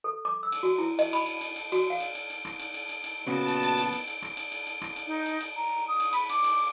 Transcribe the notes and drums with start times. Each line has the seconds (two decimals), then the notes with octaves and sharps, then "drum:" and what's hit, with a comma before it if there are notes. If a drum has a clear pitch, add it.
0.04 A4
0.25 D6
0.43 E6
0.52 drum: cymbal
0.63 F#4
0.78 E4
0.99 D#5, drum: cymbal
1.13 B5, drum: cymbal
1.26 drum: cymbal
1.41 drum: cymbal
1.56 drum: cymbal
1.72 F#4, drum: cymbal
1.90 F5
2.00 drum: cymbal
2.15 drum: cymbal
2.30 drum: cymbal
2.45 drum: rim click
2.60 drum: cymbal
2.74 drum: cymbal
2.89 drum: cymbal
3.04 drum: cymbal
3.27 F#2 A#2 C#3 B3 F#4 A5
3.48 drum: cymbal
3.63 drum: cymbal
3.78 drum: cymbal
3.93 drum: cymbal
4.08 drum: cymbal
4.22 drum: rim click
4.37 drum: cymbal
4.52 drum: cymbal
4.67 drum: cymbal
4.81 drum: rim click
4.96 drum: cymbal
5.07 D#4
5.26 drum: cymbal
5.41 drum: cymbal
5.56 A#5
5.88 D#6
6.00 drum: cymbal
6.13 B5, drum: cymbal
6.29 D6, drum: cymbal
6.44 drum: cymbal